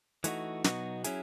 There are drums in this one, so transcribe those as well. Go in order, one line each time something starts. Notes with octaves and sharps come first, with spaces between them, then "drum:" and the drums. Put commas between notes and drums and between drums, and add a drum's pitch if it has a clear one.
E3 A3 D#4 F#4, drum: hi-hat
B2 F#3 B3 D#4 F#4, drum: snare
F#3 C#4 E4 G#4, drum: hi-hat